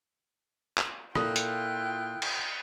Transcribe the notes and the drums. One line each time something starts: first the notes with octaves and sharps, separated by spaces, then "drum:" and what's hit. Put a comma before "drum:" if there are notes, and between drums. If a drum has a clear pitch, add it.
drum: clap
A#2 E4 F4 A4 G5 D#6 F6 F#6, drum: rim click
drum: hi-hat
drum: cymbal